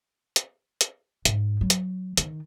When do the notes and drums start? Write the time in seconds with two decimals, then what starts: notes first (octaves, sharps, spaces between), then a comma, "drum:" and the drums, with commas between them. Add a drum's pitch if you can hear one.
0.36 drum: hi-hat
0.81 drum: hi-hat
1.25 G#2, drum: hi-hat
1.61 F#3
1.70 drum: hi-hat
2.17 D#3, drum: hi-hat